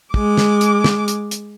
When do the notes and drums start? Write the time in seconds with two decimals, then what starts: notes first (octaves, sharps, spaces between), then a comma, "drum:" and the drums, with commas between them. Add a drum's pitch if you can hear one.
0.14 G#3 D6, drum: kick
0.37 drum: snare
0.61 drum: hi-hat
0.84 drum: snare
1.08 drum: hi-hat
1.31 drum: hi-hat